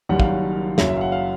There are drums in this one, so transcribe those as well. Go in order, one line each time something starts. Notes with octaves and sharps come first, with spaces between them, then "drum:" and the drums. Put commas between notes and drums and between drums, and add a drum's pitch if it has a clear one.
F#1 F#2 D#3 G3 F#5
F5, drum: kick
F#5
F#1 F#2 C#3 F#3 E5, drum: snare
E5
F5
F#5
F5